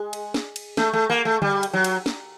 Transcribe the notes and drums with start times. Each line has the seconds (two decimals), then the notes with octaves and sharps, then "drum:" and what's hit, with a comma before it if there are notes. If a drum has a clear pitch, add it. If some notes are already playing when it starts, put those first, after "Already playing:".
Already playing: G#3
0.13 drum: cymbal
0.34 drum: snare
0.56 drum: cymbal
0.77 A3, drum: snare
0.93 A3
1.10 A#3
1.25 A3
1.42 G3, drum: tom D3
1.63 drum: cymbal
1.73 F#3
1.84 drum: cymbal
2.06 drum: snare